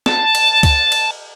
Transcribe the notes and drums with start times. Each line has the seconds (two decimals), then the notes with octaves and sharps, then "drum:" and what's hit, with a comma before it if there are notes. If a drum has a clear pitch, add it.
0.06 A5, drum: snare
0.35 drum: cymbal
0.63 drum: kick C#2, cymbal
0.92 drum: cymbal